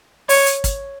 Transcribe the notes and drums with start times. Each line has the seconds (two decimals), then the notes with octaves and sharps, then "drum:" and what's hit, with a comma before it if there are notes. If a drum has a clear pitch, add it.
0.29 C#5, drum: open hi-hat
0.46 drum: hi-hat
0.64 drum: kick, hi-hat